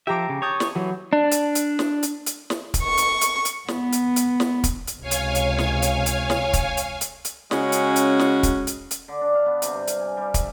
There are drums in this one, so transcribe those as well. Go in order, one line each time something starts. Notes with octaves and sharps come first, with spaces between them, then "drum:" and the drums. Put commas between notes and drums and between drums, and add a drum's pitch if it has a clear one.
F3 G4 E5 A#5 D6
C#3
C#5 A5 D#6 G6
drum: snare
E3 F#3
D4
drum: hi-hat
drum: hi-hat
drum: snare
drum: hi-hat
drum: hi-hat
drum: snare
drum: kick, hi-hat
C#6
drum: hi-hat
drum: hi-hat
drum: hi-hat
B3, drum: snare
drum: hi-hat
drum: hi-hat
drum: snare
drum: kick, hi-hat
drum: hi-hat
C#2 C3 C#5 F5 G#5
drum: hi-hat
drum: hi-hat
drum: snare
drum: hi-hat
drum: hi-hat
drum: snare
drum: kick, hi-hat
drum: hi-hat
drum: hi-hat
drum: hi-hat
C#3 G#3 C#4 F#4, drum: snare
drum: hi-hat
drum: hi-hat
drum: snare
drum: kick, hi-hat
drum: hi-hat
drum: hi-hat
D3
D4
F5
B3
C3, drum: hi-hat
G2
F5, drum: hi-hat
G#5
G3
E5, drum: kick, hi-hat